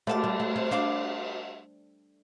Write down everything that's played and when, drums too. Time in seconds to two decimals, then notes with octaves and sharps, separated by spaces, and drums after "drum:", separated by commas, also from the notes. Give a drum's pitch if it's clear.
0.07 A3 D5 A5 D6, drum: cymbal
0.24 G3
0.40 A3
0.56 C4
0.71 D4 C5 F5 D6